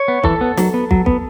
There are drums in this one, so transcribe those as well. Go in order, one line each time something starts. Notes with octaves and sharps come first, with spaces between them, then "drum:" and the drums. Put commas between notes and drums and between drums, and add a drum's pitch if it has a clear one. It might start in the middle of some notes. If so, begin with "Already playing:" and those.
Already playing: C#5
B3
E3 A4, drum: kick
B3
F#3, drum: snare
B3
F#3, drum: kick
B3, drum: kick